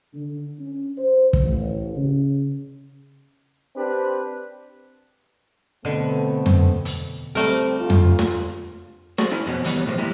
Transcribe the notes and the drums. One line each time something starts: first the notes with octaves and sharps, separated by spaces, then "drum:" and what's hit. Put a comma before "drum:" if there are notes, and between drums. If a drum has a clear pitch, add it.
D3
C#4
C5
drum: kick
A1
C#3
C4 D4 G4 B4
B2 D3 A3 B3 C4
drum: tom F2
drum: hi-hat
G3 A3 C4 A#4
D2 F4
drum: tom F2
drum: snare
F#4 G#4 A4 C5 D5 F5, drum: snare
C4 C#4 E4 G#5 B5
F2 B2 B3 C#4
D#2 E3 G3 B3 C#5, drum: hi-hat
A2 E3 F3 G#3
G3 G#3 A#3 E4